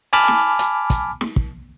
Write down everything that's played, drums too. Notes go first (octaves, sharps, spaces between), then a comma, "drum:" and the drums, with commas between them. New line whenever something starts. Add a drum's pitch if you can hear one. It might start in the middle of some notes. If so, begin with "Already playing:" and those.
G#5 A5 B5 D6 F6
drum: snare
drum: hi-hat
drum: kick, hi-hat
drum: snare
drum: kick